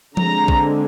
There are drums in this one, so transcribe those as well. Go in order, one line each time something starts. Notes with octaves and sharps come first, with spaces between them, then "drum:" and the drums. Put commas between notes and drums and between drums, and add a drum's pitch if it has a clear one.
D3 G#3 C4 A#5, drum: tom F3
drum: kick A#1